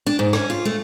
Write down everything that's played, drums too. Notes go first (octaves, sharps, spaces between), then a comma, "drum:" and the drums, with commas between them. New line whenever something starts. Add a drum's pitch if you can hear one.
D4
G#2
C#4, drum: rim click
F4
A3